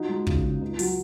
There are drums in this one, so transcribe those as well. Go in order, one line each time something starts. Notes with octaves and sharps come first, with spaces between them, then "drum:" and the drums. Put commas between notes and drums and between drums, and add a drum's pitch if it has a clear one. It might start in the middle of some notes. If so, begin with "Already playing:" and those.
Already playing: F3 D#4 F#4
G#3
C#3, drum: kick
C#3
C#2
F#3, drum: open hi-hat